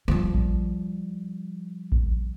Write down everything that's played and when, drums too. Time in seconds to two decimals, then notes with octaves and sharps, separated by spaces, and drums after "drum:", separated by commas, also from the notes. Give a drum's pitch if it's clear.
0.08 F3 G3
0.34 drum: kick A1
1.92 drum: kick A1